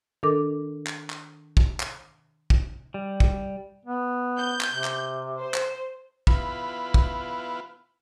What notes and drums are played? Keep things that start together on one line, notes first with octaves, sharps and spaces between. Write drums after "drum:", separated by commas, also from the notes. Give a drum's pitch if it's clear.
D#3 D4 A4 A#4 D6
drum: clap
drum: clap
drum: kick
drum: clap
drum: kick
G3
drum: kick
B3
G6
drum: clap
C3
drum: clap
C5
drum: clap
B3 E4 F4 B4, drum: kick
drum: kick